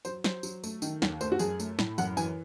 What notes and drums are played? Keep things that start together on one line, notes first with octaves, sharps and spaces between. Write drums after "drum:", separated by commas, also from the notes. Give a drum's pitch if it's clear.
F#3 C5, drum: tambourine
F#3 C5, drum: snare
F#3, drum: tambourine
A3, drum: tambourine
D#3, drum: tambourine
D#2, drum: snare
A3 C5, drum: tambourine
F#4
F#2 G#4, drum: tambourine
A3, drum: tambourine
A2, drum: snare
F#2 F#5, drum: tambourine
E3 G#5, drum: tambourine